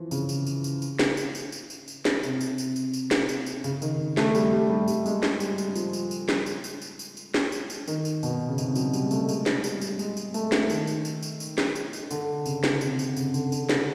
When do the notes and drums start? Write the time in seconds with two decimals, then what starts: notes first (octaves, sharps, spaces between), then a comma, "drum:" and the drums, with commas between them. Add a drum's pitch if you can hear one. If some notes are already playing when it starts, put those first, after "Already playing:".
Already playing: E3 F3
0.11 C#3, drum: tambourine
0.29 drum: tambourine
0.47 drum: tambourine
0.64 drum: tambourine
0.82 drum: tambourine
0.99 drum: snare
1.17 drum: tambourine
1.35 drum: tambourine
1.52 drum: tambourine
1.70 drum: tambourine
1.88 drum: tambourine
2.05 drum: snare
2.23 C3, drum: tambourine
2.41 drum: tambourine
2.58 drum: tambourine
2.76 drum: tambourine
2.93 drum: tambourine
3.11 drum: snare
3.29 drum: tambourine
3.46 drum: tambourine
3.64 C#3, drum: tambourine
3.82 D#3, drum: tambourine
4.17 A3, drum: snare
4.35 G3, drum: tambourine
4.53 G3
4.70 G3
4.88 G3, drum: tambourine
5.06 G#3, drum: tambourine
5.23 drum: snare
5.40 G3, drum: tambourine
5.58 drum: tambourine
5.75 F3, drum: tambourine
5.93 drum: tambourine
6.11 drum: tambourine
6.29 drum: snare
6.46 drum: tambourine
6.64 drum: tambourine
6.82 drum: tambourine
6.99 drum: tambourine
7.17 drum: tambourine
7.34 drum: snare
7.52 drum: tambourine
7.70 drum: tambourine
7.88 D#3, drum: tambourine
8.05 drum: tambourine
8.23 B2, drum: tambourine
8.49 C#3
8.58 C3, drum: tambourine
8.75 F#3, drum: tambourine
8.93 G3, drum: tambourine
9.05 G#3
9.11 A3, drum: tambourine
9.29 G#3, drum: tambourine
9.46 drum: snare
9.64 G3, drum: tambourine
9.81 drum: tambourine
9.99 G#3, drum: tambourine
10.17 drum: tambourine
10.34 A3, drum: tambourine
10.52 drum: snare
10.70 D#3, drum: tambourine
10.87 drum: tambourine
11.05 drum: tambourine
11.23 drum: tambourine
11.40 drum: tambourine
11.58 drum: snare
11.75 drum: tambourine
11.93 drum: tambourine
12.11 D3, drum: tambourine
12.46 C#3, drum: tambourine
12.64 drum: snare
12.81 C3, drum: tambourine
12.99 drum: tambourine
13.16 C#3, drum: tambourine
13.34 D3, drum: tambourine
13.52 D3, drum: tambourine
13.69 drum: snare